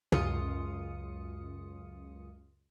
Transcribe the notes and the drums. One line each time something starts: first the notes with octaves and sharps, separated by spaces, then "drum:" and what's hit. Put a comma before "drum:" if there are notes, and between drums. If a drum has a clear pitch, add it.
C#2 F#2 F4 D#6 C#7, drum: tom